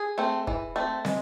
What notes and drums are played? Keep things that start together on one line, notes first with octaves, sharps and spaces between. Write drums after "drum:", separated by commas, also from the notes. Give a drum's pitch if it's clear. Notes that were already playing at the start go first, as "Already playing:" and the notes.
Already playing: G#4
A3 C4
E3, drum: kick
A3 C4
G#3, drum: snare